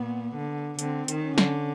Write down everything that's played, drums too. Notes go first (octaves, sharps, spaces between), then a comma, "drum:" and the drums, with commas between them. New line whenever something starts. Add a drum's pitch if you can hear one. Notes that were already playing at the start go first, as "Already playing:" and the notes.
Already playing: A#2 B3
D3
D3 C4, drum: hi-hat
D#3, drum: hi-hat
C#4
D3, drum: snare